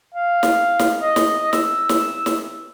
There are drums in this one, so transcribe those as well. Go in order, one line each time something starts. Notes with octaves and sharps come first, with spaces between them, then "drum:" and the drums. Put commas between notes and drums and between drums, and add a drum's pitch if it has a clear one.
F5
drum: snare
drum: snare
D#5
drum: snare
E6, drum: snare
drum: snare
drum: snare